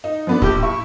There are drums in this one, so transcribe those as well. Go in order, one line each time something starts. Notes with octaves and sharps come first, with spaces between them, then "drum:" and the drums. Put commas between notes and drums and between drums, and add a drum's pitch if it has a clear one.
D#4
F3 B3 D4
A#1 G4, drum: kick
E4 C#6